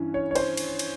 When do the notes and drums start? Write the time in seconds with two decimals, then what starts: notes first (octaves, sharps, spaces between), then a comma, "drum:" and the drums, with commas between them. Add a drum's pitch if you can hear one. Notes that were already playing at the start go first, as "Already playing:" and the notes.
Already playing: G2 E3 C#4 E4
0.14 C#5
0.31 C#5
0.35 C5, drum: cymbal
0.57 drum: cymbal
0.79 drum: cymbal